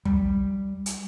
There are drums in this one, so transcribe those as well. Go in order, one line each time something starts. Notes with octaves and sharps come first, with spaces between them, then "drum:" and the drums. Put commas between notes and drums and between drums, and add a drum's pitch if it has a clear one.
G3, drum: tom
drum: hi-hat